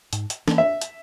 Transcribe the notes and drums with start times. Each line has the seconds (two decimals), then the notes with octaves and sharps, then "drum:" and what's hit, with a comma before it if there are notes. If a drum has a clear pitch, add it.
0.13 G#2, drum: hi-hat
0.30 drum: hi-hat
0.48 E3 A#3 C#4, drum: snare
0.58 E5
0.81 drum: hi-hat